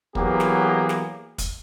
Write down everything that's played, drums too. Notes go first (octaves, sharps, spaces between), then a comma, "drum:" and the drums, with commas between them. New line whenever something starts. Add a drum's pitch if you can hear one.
E3 F#3 A#3 B3 G4 G#4, drum: kick
drum: snare
drum: snare
drum: kick, hi-hat